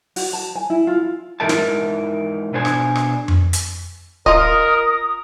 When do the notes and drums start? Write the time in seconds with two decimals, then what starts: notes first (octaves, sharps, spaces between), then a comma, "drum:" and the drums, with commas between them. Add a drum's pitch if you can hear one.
0.16 F#4, drum: open hi-hat
0.33 A5
0.55 G#5
0.70 E4
0.87 F4
1.40 G#2 E3 D#4 A#4 E5 A5
1.49 drum: snare
2.53 B2 D4 C5 G#5
2.65 drum: rim click
2.95 drum: rim click
3.28 drum: tom F2
3.53 drum: hi-hat
4.26 F4 A#4 D#5 D#6, drum: kick